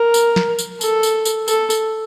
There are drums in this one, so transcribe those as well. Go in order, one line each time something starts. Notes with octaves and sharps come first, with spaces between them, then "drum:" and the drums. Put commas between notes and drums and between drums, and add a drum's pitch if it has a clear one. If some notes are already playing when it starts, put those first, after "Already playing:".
Already playing: A#4
drum: tambourine
drum: snare
drum: tambourine
A4, drum: tambourine
drum: tambourine
drum: tambourine
A4, drum: tambourine
drum: tambourine